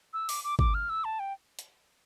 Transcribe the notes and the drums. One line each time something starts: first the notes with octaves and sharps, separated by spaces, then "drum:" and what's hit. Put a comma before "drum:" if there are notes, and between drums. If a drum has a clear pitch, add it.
E6
D6, drum: open hi-hat
D6
D6, drum: kick
F6
E6
A5
G5
drum: hi-hat